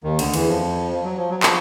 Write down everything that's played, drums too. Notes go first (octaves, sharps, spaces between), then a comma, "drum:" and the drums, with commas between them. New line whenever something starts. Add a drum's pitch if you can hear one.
D#2 D#3
D2 D3, drum: cymbal
E2 E3, drum: cymbal
F2 F3
F3
F#3
F3
F#3
F3, drum: clap